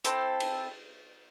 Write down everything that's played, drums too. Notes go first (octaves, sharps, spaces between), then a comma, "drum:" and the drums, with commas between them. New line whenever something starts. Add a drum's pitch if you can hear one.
C4 E4 A4 C5, drum: hi-hat
drum: cymbal